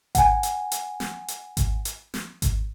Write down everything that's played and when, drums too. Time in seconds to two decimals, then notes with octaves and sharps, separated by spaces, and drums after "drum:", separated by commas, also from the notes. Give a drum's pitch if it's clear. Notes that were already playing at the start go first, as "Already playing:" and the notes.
0.15 F#5 G#5, drum: kick G#1, hi-hat
0.43 drum: hi-hat
0.72 drum: hi-hat
1.00 drum: snare
1.28 drum: hi-hat
1.57 drum: kick G#1, hi-hat
1.85 drum: hi-hat
2.14 drum: snare
2.42 drum: kick G#1, hi-hat